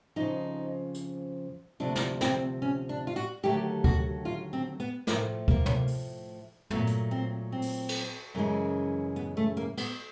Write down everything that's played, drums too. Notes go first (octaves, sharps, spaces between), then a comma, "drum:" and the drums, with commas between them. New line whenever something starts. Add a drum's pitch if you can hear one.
F2 C#3 F3 D#4
drum: hi-hat
D2 C3 F3 D4
drum: snare
C4, drum: snare
C#4
D4
F4
F#4
D#2 D3 F#3 A3 G4
F#4, drum: kick D2
F4
C4
B3
A2 F3 A3 A#3, drum: snare
A#3, drum: kick D2
drum: tom
drum: open hi-hat
A#2 F#3 A3 B3, drum: tom
drum: hi-hat
C4
C4
drum: open hi-hat
drum: cymbal
F#2 C#3 E3 G#3
B3
A3
A#3
B3, drum: cymbal